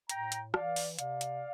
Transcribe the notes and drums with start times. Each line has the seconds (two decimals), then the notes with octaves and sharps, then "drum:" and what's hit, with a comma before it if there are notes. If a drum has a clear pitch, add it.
0.09 A2 G5 A#5, drum: hi-hat
0.32 drum: hi-hat
0.54 E3 D5 F5, drum: rim click
0.76 drum: open hi-hat
0.99 C3 D5 F5, drum: hi-hat
1.21 drum: hi-hat